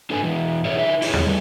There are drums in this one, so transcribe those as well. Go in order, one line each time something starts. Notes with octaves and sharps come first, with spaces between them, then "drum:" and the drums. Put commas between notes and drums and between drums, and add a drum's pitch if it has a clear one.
D4 A4 B4 G#5
B2 E3
G#4 A#4 C#5 E5
D#4 B4 E5
E4 G#4 B4 C#5, drum: open hi-hat
drum: tom
G3 A3